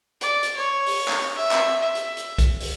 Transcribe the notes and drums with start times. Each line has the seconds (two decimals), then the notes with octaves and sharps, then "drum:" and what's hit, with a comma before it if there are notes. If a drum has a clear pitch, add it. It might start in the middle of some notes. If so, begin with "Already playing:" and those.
0.21 D5, drum: hi-hat
0.43 drum: hi-hat
0.56 C#5
0.86 drum: open hi-hat
1.08 drum: clap
1.36 E5
1.51 drum: clap
1.81 E5
1.95 drum: hi-hat
2.17 drum: hi-hat
2.38 drum: kick B1, hi-hat
2.60 drum: open hi-hat